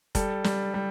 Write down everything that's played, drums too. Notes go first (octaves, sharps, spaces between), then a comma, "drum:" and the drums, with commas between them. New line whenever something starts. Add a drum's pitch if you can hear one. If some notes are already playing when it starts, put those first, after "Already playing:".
G3 A4, drum: kick F1, hi-hat
G3, drum: snare
G3